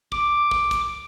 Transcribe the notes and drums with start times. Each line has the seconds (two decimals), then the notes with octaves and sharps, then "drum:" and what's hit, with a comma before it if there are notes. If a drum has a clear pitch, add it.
0.12 D6, drum: kick
0.51 drum: kick
0.71 drum: kick, hi-hat